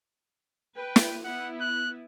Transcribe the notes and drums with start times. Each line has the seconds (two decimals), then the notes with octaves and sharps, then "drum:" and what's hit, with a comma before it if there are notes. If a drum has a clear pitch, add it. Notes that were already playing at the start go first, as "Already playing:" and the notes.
0.77 B4 G5
0.96 drum: snare
1.24 B3 E4 F#5
1.61 F#6